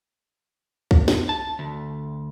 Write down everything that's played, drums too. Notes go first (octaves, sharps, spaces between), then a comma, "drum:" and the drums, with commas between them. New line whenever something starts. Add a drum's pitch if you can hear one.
drum: kick
drum: snare
A5
D2